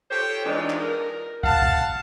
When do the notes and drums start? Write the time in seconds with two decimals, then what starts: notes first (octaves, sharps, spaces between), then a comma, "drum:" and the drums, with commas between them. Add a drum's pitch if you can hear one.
0.10 F4 G4 A4 C5 C#5 G5
0.45 E3 G#3 D4 D#4 F4
0.70 drum: clap
0.80 A#4
1.44 F5 F#5 A5, drum: kick
1.62 drum: kick